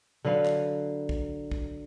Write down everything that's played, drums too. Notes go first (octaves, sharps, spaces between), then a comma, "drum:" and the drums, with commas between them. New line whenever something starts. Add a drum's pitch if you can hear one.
D3 F#3 B4 F5
drum: clap
drum: kick
drum: kick